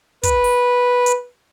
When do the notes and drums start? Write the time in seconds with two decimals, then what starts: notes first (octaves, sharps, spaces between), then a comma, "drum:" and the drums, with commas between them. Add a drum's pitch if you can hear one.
0.23 B4, drum: kick, hi-hat
0.44 drum: open hi-hat
1.06 drum: hi-hat